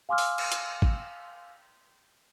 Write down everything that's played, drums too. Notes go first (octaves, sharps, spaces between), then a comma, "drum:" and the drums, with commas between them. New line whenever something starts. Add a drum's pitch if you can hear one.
F5 G#5 C6 D6 E6 F6
drum: open hi-hat
drum: cymbal
drum: hi-hat
drum: kick